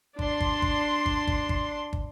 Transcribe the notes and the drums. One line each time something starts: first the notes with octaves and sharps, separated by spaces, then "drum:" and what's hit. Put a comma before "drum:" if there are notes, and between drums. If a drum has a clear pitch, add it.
D4 C6, drum: kick
drum: kick
drum: kick
drum: kick
drum: kick
drum: kick
drum: kick